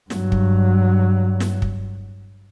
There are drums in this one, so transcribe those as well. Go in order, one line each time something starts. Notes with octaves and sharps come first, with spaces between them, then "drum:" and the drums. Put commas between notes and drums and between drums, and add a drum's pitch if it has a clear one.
G2 F#3, drum: snare
drum: kick
drum: snare
drum: kick